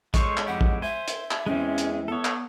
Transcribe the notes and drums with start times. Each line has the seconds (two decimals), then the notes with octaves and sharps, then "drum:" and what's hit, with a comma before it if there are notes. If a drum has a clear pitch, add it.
0.14 G#3 F4 A4 C5 C#5 C#6, drum: kick, hi-hat
0.37 drum: clap
0.47 F2 E4 G4 F#5
0.61 drum: kick
0.82 C5 E5 G#5
1.08 drum: hi-hat
1.31 drum: clap
1.46 E2 E3 G#3 C4 C#4
1.78 drum: hi-hat
2.08 B3 A4 C#5
2.25 drum: clap